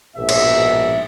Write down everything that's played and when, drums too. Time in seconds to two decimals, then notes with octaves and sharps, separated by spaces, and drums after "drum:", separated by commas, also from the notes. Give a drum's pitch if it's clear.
0.16 A#1 G#2 B2 E5
0.29 drum: cymbal